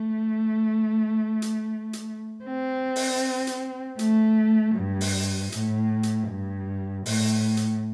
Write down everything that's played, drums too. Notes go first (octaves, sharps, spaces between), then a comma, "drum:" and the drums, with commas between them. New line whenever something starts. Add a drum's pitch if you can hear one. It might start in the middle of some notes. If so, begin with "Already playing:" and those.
Already playing: A3
drum: hi-hat
drum: hi-hat
C4
drum: open hi-hat
drum: hi-hat
A3, drum: hi-hat
G2
drum: open hi-hat
A2, drum: hi-hat
drum: hi-hat
G2
A2, drum: open hi-hat
drum: hi-hat